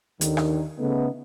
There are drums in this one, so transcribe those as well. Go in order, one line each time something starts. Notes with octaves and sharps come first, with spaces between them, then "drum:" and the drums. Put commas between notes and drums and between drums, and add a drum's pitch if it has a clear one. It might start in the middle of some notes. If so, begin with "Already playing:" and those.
D#2 D3 D#3, drum: hi-hat
drum: rim click
C#3 A3 B3 D#4